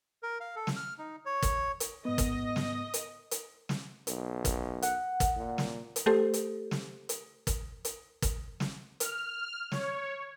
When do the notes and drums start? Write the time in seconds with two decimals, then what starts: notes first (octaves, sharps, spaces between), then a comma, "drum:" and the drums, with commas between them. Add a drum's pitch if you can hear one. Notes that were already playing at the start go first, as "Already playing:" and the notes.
0.23 A#4
0.40 F5
0.56 A4
0.67 drum: snare
0.76 F6
0.98 D#4
1.25 C#5
1.42 drum: kick, hi-hat
1.80 drum: hi-hat
2.05 G#2 B3 D#5
2.18 drum: kick, hi-hat
2.56 drum: snare
2.94 drum: hi-hat
3.31 drum: hi-hat
3.69 drum: snare
4.07 B1, drum: hi-hat
4.45 drum: kick, hi-hat
4.82 F#5, drum: hi-hat
5.20 drum: kick, hi-hat
5.36 A#2
5.58 drum: snare
5.96 drum: hi-hat
6.06 A3 G4 A4 C5
6.34 drum: hi-hat
6.71 drum: snare
7.09 drum: hi-hat
7.47 drum: kick, hi-hat
7.85 drum: hi-hat
8.22 drum: kick, hi-hat
8.60 drum: snare
9.00 F6, drum: hi-hat
9.72 C#5, drum: snare